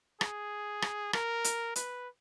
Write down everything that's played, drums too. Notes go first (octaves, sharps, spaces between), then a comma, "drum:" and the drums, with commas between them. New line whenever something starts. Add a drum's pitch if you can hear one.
G#4, drum: rim click
drum: rim click
A#4, drum: rim click
drum: hi-hat
B4, drum: hi-hat